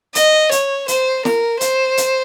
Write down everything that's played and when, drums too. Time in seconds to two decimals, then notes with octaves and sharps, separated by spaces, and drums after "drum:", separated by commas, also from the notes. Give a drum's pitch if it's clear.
0.15 D#5, drum: hi-hat
0.51 C#5, drum: hi-hat
0.88 C5, drum: hi-hat
1.25 A#4, drum: snare
1.61 C5, drum: hi-hat
1.97 drum: hi-hat